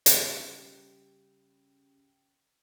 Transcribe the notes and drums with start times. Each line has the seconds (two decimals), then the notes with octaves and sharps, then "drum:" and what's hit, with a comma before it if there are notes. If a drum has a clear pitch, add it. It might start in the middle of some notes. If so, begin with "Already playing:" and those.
0.06 C#3 G3 G5, drum: hi-hat